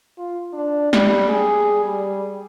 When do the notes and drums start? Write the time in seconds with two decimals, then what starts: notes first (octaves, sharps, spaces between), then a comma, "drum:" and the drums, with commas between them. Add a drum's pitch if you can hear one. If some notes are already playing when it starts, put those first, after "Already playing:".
0.18 F4
0.53 D4
0.93 G3, drum: snare
1.29 G#4
1.85 G3